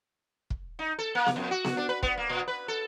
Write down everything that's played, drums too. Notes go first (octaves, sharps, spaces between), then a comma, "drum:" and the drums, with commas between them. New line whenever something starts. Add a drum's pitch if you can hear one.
drum: kick
D#4
A4
A#3
drum: snare B3
F2
F#4
drum: snare B3
D4
B4
B3, drum: kick
A#3
A#2
B4
A4